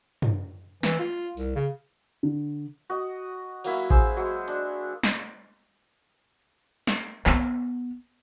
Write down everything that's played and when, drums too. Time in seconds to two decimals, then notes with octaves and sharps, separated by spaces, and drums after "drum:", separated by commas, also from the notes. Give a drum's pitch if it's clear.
0.22 drum: tom
0.83 E3, drum: snare
0.99 F4
1.37 C2, drum: tambourine
1.55 C#3
2.23 D3
2.90 F#4 D#5
3.64 F#3 A#3 E4, drum: cymbal
3.90 G#4 C5 E6, drum: kick A1
4.17 F#3 G#3 E6
4.48 D4, drum: hi-hat
5.03 drum: snare
6.87 drum: snare
7.26 B3, drum: clap